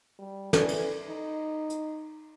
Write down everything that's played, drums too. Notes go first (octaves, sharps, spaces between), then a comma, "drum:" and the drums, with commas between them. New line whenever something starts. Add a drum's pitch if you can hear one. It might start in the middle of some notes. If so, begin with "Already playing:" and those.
G3
E3 A4 D5, drum: snare
drum: cymbal
D#4
drum: hi-hat